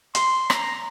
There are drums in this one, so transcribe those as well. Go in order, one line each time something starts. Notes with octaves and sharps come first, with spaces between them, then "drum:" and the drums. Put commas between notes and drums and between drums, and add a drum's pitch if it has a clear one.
C6, drum: hi-hat
A#5, drum: rim click